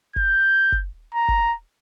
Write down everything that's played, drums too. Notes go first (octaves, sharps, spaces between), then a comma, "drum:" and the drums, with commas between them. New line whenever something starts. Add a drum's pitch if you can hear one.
G6, drum: kick F#1
drum: kick F#1
A#5
drum: kick F#1